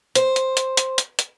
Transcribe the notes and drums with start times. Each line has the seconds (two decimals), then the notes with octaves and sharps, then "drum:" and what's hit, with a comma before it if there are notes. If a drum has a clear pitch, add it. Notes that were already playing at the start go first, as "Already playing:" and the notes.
0.15 C5, drum: hi-hat
0.36 drum: hi-hat
0.57 drum: hi-hat
0.77 drum: hi-hat
0.98 drum: hi-hat
1.19 drum: hi-hat